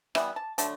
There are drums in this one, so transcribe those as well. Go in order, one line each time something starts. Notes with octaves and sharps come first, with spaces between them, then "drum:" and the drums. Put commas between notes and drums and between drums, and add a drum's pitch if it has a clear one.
E3 G3 B3 E5, drum: rim click
A5
D3 F#3 A3 A5, drum: hi-hat